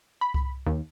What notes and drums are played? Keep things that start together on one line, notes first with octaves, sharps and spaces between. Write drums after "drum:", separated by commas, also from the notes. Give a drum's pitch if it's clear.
B5
drum: kick C2
D#2